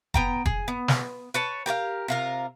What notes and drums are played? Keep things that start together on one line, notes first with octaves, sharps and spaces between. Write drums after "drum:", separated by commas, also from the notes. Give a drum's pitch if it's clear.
B3 G5 A#5, drum: kick F1
G#4, drum: kick F1
B3
drum: snare
B4 C#5 A5
G4 A#4 D5 F5
C3 F4 A#4